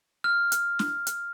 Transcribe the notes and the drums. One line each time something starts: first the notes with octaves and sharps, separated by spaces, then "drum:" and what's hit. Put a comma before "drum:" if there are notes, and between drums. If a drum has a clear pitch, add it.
F6
drum: hi-hat
drum: snare
drum: hi-hat